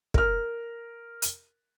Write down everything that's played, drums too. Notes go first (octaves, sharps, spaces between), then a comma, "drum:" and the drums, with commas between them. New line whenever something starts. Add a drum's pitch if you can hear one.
A#4 F6, drum: kick
drum: hi-hat